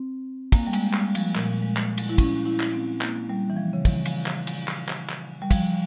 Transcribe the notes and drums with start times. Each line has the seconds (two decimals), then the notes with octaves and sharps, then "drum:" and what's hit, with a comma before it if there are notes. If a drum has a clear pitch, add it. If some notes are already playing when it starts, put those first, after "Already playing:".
Already playing: C4
0.52 A#3, drum: kick, cymbal
0.67 G3
0.73 G#3, drum: cymbal
0.93 G3, drum: clap
1.15 F3, drum: cymbal
1.36 A#2, drum: clap
1.63 G#3
1.77 drum: clap
1.98 drum: cymbal
2.09 E4
2.18 C#4, drum: kick, cymbal
2.46 E4
2.60 drum: clap
2.73 C4
3.01 A#3, drum: clap
3.29 G3
3.50 E3
3.57 F3
3.73 C#3
3.85 E3, drum: kick, cymbal
4.06 drum: cymbal
4.26 drum: clap
4.47 drum: cymbal
4.68 drum: clap
4.89 drum: clap
5.09 drum: clap
5.42 G3
5.51 F3, drum: kick, cymbal